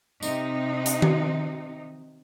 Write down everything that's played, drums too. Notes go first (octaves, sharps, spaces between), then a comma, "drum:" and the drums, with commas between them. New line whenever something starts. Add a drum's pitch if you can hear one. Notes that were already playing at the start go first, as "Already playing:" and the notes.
C3 D#4, drum: tambourine
drum: hi-hat
drum: tom D#3